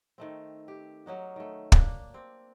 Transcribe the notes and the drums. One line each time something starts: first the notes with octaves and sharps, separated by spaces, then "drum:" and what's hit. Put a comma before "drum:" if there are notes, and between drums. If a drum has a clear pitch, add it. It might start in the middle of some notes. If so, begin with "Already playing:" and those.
D#3 A3 C4
G4
F#3 C#4 D#4 F#4
D#3 A3
A#3 D4, drum: kick
C4